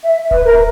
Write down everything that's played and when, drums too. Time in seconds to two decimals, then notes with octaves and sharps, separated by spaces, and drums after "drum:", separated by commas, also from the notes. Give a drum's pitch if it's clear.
0.05 E5
0.31 B4, drum: kick D1
0.44 A#4